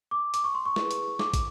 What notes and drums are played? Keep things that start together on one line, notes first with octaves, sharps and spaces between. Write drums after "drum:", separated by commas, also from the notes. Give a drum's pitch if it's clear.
D6
D6, drum: hi-hat
C#6
C6
C#6
E4 G#4 B4, drum: snare
drum: hi-hat
D6, drum: snare
drum: kick, hi-hat